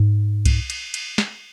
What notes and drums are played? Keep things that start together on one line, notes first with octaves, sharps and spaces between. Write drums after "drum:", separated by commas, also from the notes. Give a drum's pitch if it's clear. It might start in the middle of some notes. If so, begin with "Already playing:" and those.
Already playing: G#2
drum: kick C2, cymbal
drum: cymbal
drum: cymbal
drum: snare